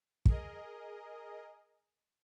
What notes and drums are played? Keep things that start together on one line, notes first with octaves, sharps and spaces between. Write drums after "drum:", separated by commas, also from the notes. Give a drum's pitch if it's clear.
G#4 A#4 D#5, drum: kick